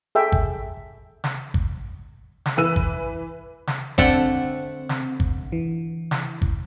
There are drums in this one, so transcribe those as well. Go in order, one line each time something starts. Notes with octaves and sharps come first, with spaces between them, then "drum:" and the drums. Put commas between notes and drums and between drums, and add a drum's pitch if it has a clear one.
G#4 A4 E5 G5 G#5
drum: kick
drum: snare
drum: kick
drum: snare
E3 B4 E6 D#7
drum: kick
drum: snare
D3 A3 C4 F#5, drum: kick
drum: snare
drum: kick
E3
drum: snare
drum: kick